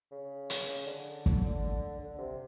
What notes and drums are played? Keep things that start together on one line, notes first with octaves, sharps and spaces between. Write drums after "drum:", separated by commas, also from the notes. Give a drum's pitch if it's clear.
C#3
drum: hi-hat
D3
drum: kick
D3
C3